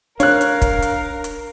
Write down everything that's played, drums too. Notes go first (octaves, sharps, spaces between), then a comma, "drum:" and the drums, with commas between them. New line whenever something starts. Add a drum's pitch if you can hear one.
D4 A#4 C#5 F5 F#6, drum: hi-hat
drum: hi-hat
drum: kick, hi-hat
drum: hi-hat
drum: hi-hat